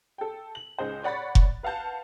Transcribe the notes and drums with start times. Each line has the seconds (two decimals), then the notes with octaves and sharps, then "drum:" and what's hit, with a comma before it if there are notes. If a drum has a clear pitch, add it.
0.18 A4 G5
0.55 F#7
0.78 C#2 D#4 G#4 C5
1.03 C#5 D5 F#5 B5 F#6 A6
1.35 drum: kick F1
1.63 B4 F5 F#5 A5 G6